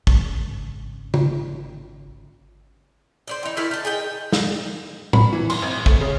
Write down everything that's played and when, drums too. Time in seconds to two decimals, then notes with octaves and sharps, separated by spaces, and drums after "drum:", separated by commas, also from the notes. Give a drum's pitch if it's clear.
0.07 G#1 C#3, drum: kick
1.14 drum: tom
3.27 C5 D5 D#5
3.43 E3 D#4
3.57 D#3 E4 D5 F5
3.71 D#4 A5
3.85 G#4 D#5 G5
4.32 drum: snare
5.13 B5, drum: tom A2
5.33 E3
5.50 C6, drum: cymbal
5.62 G#1
5.86 A3, drum: kick
6.01 C#3